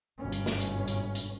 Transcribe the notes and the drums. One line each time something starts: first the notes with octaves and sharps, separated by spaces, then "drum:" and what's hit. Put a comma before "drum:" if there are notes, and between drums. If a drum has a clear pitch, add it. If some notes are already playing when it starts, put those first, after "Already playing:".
G1 G#2 B2 C#4
drum: hi-hat
drum: snare
drum: hi-hat
drum: hi-hat
drum: hi-hat